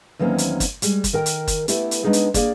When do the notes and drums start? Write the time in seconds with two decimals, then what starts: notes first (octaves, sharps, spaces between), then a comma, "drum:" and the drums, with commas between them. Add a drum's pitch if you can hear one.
0.19 E2 D#3 F#3 A#3 C4 C#4
0.38 drum: hi-hat
0.60 drum: kick, hi-hat
0.82 G3 G#3, drum: hi-hat
1.04 drum: kick, hi-hat
1.13 D#3 A#4 G5
1.26 drum: hi-hat
1.48 drum: kick, hi-hat
1.68 A3 B3 E4 G4, drum: hi-hat
1.91 drum: hi-hat
2.04 G#3 B3 D4 D#4 G#4
2.13 drum: hi-hat
2.34 A#3 G#4 D5, drum: kick, hi-hat